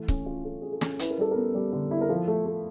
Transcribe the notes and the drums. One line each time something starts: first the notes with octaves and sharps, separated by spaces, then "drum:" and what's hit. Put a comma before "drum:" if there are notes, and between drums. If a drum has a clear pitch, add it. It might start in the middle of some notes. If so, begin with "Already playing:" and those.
Already playing: E3 A3
C#4, drum: kick C#1
F4
C#4 A4
F4 G#4
A4
C#4, drum: snare
E4 B4, drum: hi-hat
A#4
G3 A4
B3 A#4
G3
D3
E4
A#4
F3 A4
A3
A3